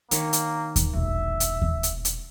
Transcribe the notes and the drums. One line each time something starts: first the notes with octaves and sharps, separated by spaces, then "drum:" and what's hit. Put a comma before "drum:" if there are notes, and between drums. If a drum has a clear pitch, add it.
D#3 A#3 D4 C#5 D6, drum: hi-hat
drum: hi-hat
drum: kick D#2, hi-hat
E1 A#1 E5
drum: hi-hat
drum: kick D#2
drum: hi-hat
drum: hi-hat